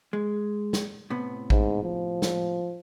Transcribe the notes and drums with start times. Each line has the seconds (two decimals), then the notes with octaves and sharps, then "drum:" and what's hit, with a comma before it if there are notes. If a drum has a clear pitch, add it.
0.13 G#3
0.73 drum: snare
1.10 A2 C3 B3
1.50 G#2, drum: kick A1
1.83 F3
2.22 drum: snare